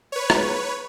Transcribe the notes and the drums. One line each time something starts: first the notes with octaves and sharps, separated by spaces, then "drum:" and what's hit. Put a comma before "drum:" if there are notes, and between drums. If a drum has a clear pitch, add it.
B4 C#5
drum: rim click